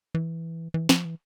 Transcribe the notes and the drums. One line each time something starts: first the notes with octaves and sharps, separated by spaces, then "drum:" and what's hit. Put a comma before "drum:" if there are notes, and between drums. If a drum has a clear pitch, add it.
E3
E3
F3, drum: snare
E3